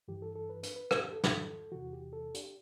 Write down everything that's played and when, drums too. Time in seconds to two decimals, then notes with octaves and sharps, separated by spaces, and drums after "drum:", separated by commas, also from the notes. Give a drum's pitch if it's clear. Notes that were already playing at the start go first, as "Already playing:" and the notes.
0.08 G2 E3 G4
0.22 A4
0.35 A4
0.50 B4
0.63 B4, drum: hi-hat
0.76 B4
0.91 A4, drum: rim click
1.01 G4
1.12 A4
1.24 drum: snare
1.72 E2 C3 E3 F#4
1.93 G4
2.13 A4
2.34 G4, drum: hi-hat